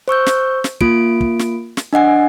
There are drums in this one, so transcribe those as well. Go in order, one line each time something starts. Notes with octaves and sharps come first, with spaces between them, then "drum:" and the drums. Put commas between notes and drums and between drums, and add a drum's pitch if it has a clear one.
C5 C#6 E6 G6
drum: snare
drum: snare
A#3 F4 D7, drum: kick
drum: kick
drum: snare
drum: snare
D4 D#5 F#5 G#5